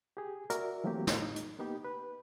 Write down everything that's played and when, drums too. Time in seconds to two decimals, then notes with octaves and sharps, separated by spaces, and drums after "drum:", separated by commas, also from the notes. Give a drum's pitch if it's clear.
0.17 G4 G#4
0.50 F#4 A#4 D5 E5, drum: hi-hat
0.84 E3 F#3 A3 A#3 C4 G4
1.07 drum: snare
1.22 D#4
1.36 drum: hi-hat
1.59 A#3 B3 D#4 G4
1.85 B4